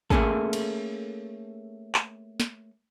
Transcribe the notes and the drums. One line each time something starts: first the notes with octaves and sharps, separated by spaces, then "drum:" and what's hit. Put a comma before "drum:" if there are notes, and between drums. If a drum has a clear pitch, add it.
A3 A#3 C#4 G#4 A4, drum: kick
drum: cymbal
drum: clap
drum: snare